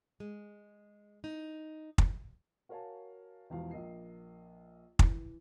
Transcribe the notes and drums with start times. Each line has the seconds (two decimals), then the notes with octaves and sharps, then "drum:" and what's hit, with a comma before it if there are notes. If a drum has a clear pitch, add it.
0.20 G#3
1.24 D#4
1.98 drum: kick
2.69 F#4 A#4 C#5 F5 G#5 A5
3.50 E1 E2 F3 F5
3.71 A#1 A#3 D#5 C7
4.99 E3, drum: kick